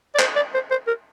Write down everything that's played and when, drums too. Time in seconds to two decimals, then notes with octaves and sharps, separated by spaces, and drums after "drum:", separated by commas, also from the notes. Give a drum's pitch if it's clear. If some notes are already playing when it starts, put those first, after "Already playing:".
0.15 D5
0.19 C5, drum: clap
0.36 D5
0.54 C5
0.71 C5
0.87 A#4